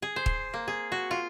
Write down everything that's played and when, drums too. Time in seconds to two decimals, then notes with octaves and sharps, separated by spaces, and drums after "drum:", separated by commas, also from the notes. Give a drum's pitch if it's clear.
0.02 G#4
0.16 C5
0.26 drum: kick
0.54 A#3
0.68 G#4
0.92 F#4
1.11 F4